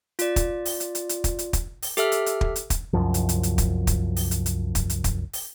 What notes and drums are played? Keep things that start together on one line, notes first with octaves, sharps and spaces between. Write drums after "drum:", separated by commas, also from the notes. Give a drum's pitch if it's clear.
F4 D5, drum: hi-hat
drum: kick, hi-hat
drum: open hi-hat
drum: hi-hat
drum: hi-hat
drum: hi-hat
drum: kick, hi-hat
drum: hi-hat
drum: kick, hi-hat
drum: open hi-hat
G4 A4 E5 F6, drum: hi-hat
drum: hi-hat
drum: hi-hat
drum: kick
drum: hi-hat
drum: kick, hi-hat
C2 F#2 F3
drum: hi-hat
drum: hi-hat
drum: hi-hat
drum: kick, hi-hat
drum: kick, hi-hat
drum: open hi-hat
drum: hi-hat
drum: hi-hat
drum: kick, hi-hat
drum: hi-hat
drum: kick, hi-hat
drum: open hi-hat